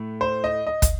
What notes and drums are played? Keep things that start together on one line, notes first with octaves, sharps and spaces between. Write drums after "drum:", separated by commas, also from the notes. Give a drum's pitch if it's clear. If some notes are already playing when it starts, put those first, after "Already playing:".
Already playing: A2 A3
C5
D#5
D#5
drum: kick, hi-hat